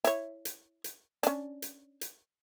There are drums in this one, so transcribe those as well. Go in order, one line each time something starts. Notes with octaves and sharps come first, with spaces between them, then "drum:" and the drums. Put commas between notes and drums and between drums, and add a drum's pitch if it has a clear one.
E4 C#5, drum: hi-hat
drum: hi-hat
drum: hi-hat
C#4 D4, drum: hi-hat
drum: hi-hat
drum: hi-hat